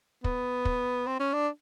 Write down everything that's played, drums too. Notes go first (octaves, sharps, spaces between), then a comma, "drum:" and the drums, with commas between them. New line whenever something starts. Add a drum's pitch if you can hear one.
B3, drum: kick
drum: kick
C4
C#4
D4